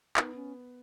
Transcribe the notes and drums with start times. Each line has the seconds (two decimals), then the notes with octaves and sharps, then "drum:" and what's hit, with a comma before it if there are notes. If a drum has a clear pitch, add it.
0.17 B3 D#4, drum: clap
0.35 C#4